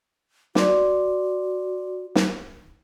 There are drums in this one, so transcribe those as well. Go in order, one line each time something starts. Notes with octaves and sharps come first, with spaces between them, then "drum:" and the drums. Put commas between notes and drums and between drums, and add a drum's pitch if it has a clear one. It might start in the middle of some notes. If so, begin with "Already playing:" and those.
F#4 D5 C6 D6, drum: snare
drum: snare